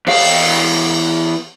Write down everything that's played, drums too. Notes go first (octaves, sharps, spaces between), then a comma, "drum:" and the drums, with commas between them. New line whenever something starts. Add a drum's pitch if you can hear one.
E2 F5, drum: cymbal